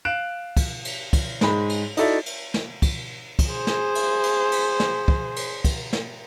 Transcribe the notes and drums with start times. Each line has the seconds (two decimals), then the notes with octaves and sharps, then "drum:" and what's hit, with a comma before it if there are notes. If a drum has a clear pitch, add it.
0.05 F5 F#6 D7 E7
0.57 drum: kick, cymbal
0.85 drum: cymbal
1.13 drum: kick, cymbal
1.41 G#2 G#3 B5, drum: snare
1.69 drum: cymbal
1.97 D#4 E4 F#4 A4 D5 E5, drum: cymbal
2.26 drum: cymbal
2.54 drum: snare
2.82 drum: kick, cymbal
3.39 drum: kick, cymbal
3.51 G#4 C5
3.67 drum: snare
3.95 drum: cymbal
4.23 drum: cymbal
4.52 drum: cymbal
4.80 drum: snare
5.08 drum: kick
5.36 drum: cymbal
5.64 drum: kick, cymbal
5.93 drum: snare